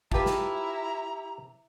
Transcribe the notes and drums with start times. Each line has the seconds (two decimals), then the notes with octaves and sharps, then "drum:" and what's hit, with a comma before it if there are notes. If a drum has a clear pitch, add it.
0.12 E4 F4 G4 B4 A5 A#5, drum: kick
0.26 drum: snare